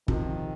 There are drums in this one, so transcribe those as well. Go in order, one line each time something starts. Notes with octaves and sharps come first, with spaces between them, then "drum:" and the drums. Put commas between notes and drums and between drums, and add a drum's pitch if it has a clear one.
C3 D#3 F3, drum: kick